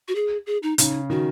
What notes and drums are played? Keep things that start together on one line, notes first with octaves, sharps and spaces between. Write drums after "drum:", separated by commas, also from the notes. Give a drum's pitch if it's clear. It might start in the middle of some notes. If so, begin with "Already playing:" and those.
F#4
G#4
G#4
D#4
C#3 D#4, drum: hi-hat
D#3 F#4